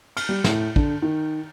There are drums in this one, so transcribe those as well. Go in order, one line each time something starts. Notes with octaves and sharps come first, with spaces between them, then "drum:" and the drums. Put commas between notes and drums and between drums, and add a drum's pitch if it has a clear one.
F6, drum: cymbal
G3
A2, drum: snare
D3, drum: kick
D#3